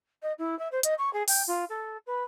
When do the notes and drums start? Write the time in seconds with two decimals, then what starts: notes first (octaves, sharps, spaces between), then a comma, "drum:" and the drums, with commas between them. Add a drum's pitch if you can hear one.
0.22 D#5
0.38 E4
0.59 E5
0.72 C5
0.83 D#5, drum: hi-hat
0.98 C#6
1.13 G#4
1.28 G5, drum: open hi-hat
1.47 F4
1.69 A4
2.07 B4